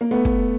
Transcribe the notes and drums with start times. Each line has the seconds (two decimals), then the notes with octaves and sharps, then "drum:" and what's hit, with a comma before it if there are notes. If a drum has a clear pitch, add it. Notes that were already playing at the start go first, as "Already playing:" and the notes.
0.01 A#3
0.11 A3 B3
0.25 drum: kick